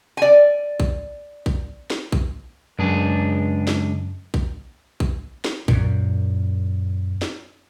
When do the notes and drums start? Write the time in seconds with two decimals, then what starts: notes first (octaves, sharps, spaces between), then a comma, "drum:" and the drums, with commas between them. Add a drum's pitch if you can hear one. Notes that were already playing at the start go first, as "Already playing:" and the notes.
0.17 D5 G#5
0.80 drum: kick
1.46 drum: kick
1.90 drum: snare
2.12 drum: kick
2.79 C#2 F#2 D4 G#4
3.67 drum: snare
4.34 drum: kick
5.00 drum: kick
5.45 drum: snare
5.68 F#2 A#2, drum: kick
7.22 drum: snare